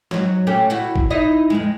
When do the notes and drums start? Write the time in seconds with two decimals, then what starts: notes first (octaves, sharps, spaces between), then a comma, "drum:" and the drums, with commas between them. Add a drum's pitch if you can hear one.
0.11 G#2 F#3, drum: snare
0.47 A3 C#4 G4
0.70 E4 F#4
0.96 drum: kick
1.10 D#4 E4 D#5
1.50 F2 G#3